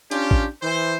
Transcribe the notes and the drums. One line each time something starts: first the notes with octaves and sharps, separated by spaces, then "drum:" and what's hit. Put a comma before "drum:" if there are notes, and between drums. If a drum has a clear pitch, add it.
C#4 D4 F4 G4, drum: hi-hat
drum: kick
E3 C5